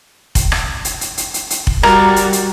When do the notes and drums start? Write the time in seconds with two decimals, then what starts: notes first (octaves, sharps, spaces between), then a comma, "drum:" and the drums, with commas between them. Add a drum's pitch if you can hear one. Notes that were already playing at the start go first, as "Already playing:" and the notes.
0.35 drum: kick F1, hi-hat
0.52 drum: rim click
0.85 drum: hi-hat
1.01 drum: hi-hat
1.18 drum: hi-hat
1.34 drum: hi-hat
1.50 drum: hi-hat
1.67 drum: kick F1
1.83 G3 F#4 A#4, drum: rim click
2.16 drum: hi-hat
2.33 drum: hi-hat